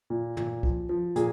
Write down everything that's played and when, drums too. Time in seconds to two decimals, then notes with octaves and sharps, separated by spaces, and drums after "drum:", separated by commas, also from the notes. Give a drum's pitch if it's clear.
0.10 A#2
0.37 A#2, drum: tom
0.63 F3, drum: kick
0.89 F3
1.16 A#2 G#4, drum: hi-hat